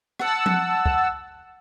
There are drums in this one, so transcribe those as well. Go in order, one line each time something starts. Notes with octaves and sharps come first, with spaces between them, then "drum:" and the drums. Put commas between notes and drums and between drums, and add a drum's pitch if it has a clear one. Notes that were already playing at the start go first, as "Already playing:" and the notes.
F#5 A5 E6, drum: rim click
drum: tom F3
drum: kick